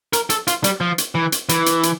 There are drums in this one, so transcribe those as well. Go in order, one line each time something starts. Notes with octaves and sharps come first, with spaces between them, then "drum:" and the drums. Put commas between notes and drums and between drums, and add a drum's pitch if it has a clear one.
A#4, drum: hi-hat
A4, drum: hi-hat
F4, drum: hi-hat
G3, drum: hi-hat
F3
drum: hi-hat
E3
drum: hi-hat
E3, drum: hi-hat
drum: hi-hat
drum: hi-hat